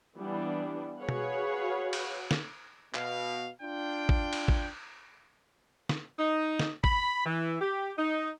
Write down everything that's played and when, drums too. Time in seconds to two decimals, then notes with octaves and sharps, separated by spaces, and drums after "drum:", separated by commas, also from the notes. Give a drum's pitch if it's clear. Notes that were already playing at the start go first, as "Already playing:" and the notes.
0.16 E3 G3 B3 D4
0.99 F#4 G#4 B4 C#5 F5 F#5
1.09 drum: tom
1.93 drum: cymbal
2.31 drum: snare
2.95 B2 F5, drum: clap
3.62 D4 F4 G5
4.09 drum: kick
4.33 drum: cymbal
4.48 drum: kick
5.89 drum: snare
6.18 D#4
6.59 drum: snare
6.84 B5, drum: kick
7.25 E3
7.60 G4
7.98 D#4